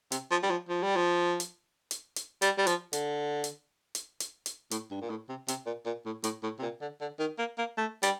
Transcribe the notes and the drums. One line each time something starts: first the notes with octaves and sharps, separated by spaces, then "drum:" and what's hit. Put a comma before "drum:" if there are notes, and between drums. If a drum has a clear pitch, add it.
C3, drum: hi-hat
F3
G3
F3
F3
G3
F3
drum: hi-hat
drum: hi-hat
drum: hi-hat
G3, drum: hi-hat
G3
F3, drum: hi-hat
D3, drum: hi-hat
drum: hi-hat
drum: hi-hat
drum: hi-hat
drum: hi-hat
A2, drum: hi-hat
G2
A#2
A2
C3
C3, drum: hi-hat
A#2
A#2
A2
A2, drum: hi-hat
A2
C3
A#2
D3
D3
D#3
A#3
A#3
A3
G3, drum: hi-hat